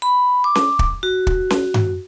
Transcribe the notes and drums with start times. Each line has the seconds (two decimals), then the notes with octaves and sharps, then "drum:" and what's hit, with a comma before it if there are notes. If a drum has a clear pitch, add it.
0.02 B5
0.44 D6
0.55 drum: snare C#4
0.79 drum: kick
1.03 F#4
1.27 drum: kick
1.50 drum: snare C#4
1.74 drum: tom G2